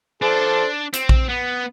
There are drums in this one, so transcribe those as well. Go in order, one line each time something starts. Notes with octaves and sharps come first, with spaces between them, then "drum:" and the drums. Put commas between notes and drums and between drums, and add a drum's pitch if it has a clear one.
D4 A4 C5
C4, drum: hi-hat
drum: kick A#1
B3